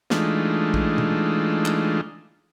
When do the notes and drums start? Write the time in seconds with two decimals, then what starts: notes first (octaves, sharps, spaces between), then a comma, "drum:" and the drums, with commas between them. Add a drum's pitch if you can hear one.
0.10 E3 G#3 A3 D4 D#4 F4, drum: snare
0.74 drum: kick
0.98 drum: tom B2
1.65 drum: clap